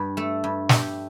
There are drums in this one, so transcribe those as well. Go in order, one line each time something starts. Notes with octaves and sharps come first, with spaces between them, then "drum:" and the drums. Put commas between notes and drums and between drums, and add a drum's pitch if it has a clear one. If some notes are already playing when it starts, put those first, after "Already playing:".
Already playing: G2 G4
A3 A4
G2
A3 G4, drum: snare